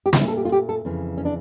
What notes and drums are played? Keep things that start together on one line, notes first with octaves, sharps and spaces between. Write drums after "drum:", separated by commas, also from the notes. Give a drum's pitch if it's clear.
G4
F4, drum: snare
A#2 A3 E4
A4
G4
F4
G4
A4
F2 C#3 E3
C#4
D4